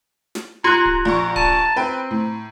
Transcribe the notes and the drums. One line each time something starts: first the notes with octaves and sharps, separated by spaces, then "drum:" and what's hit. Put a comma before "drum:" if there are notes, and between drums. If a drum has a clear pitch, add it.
drum: snare
F4 G4 A#5 C6 F#6
drum: kick D1
A#1 A#5 C#6
A5 A#5, drum: kick D1
C4 B4 G5
A2